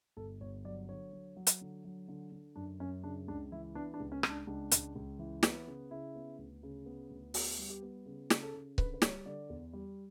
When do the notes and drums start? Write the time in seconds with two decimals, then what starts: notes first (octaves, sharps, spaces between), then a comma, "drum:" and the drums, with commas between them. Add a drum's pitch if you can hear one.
0.17 G1 A4
0.41 G1 C#5
0.65 F#3 D5
0.89 D3 C#5
1.13 F#3
1.36 F#3
1.47 drum: hi-hat
1.61 D3
1.85 F#3
2.08 D3
2.32 D3
2.56 F#2 D4
2.80 F#2 C#4
3.04 C#3 D4
3.28 C#2 D4
3.52 E3 E4
3.75 B3 D4
3.94 D4
4.00 C#2
4.12 C#4
4.23 C#2, drum: rim click
4.30 D4
4.47 C#2 D4
4.72 C#2, drum: hi-hat
4.95 C#2
5.19 E3
5.43 B3, drum: snare
5.67 C#3
5.91 C#3 E4
6.15 B3
6.38 D2
6.63 C#3
6.86 B3
7.10 D2
7.34 B3 F#4, drum: open hi-hat
7.58 G3
7.70 G4
7.82 B3
8.06 C#3
8.30 C#3, drum: snare
8.42 A4
8.54 C#3
8.78 D3 B4, drum: kick C#1
8.94 B4
9.02 G3 C#5, drum: snare
9.26 D3 D5
9.50 E2
9.73 G3